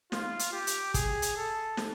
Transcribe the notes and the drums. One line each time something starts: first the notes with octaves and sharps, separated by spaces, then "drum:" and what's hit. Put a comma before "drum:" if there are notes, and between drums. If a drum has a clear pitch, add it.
F4, drum: snare
drum: hi-hat
G4
drum: hi-hat
G#4, drum: kick, hi-hat
drum: hi-hat
A4
drum: snare